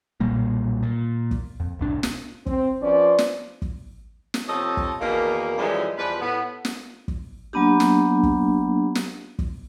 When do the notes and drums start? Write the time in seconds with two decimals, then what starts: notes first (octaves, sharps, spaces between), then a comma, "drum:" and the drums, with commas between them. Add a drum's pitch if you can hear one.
0.20 B1 A#2 G3 A#3
0.83 A#2
1.31 drum: kick
1.60 F2
1.79 D1 C2 D4
2.03 drum: snare
2.46 C4, drum: kick
2.82 F3 C#4 B4 C5 D5
3.18 drum: snare
3.62 drum: kick
4.34 drum: snare
4.48 C3 F3 A4 C#5 D#5
4.77 drum: kick
5.00 E2 B2 D#3 A#3
5.57 F#2 A2 E3 F3 G3 G#3
5.97 E2 F3 G3 B4
6.21 A2 B3
6.65 drum: snare
7.08 drum: kick
7.53 F#3 A#3 B3 D4 G4
7.80 drum: snare
8.23 drum: kick
8.95 drum: snare
9.39 drum: kick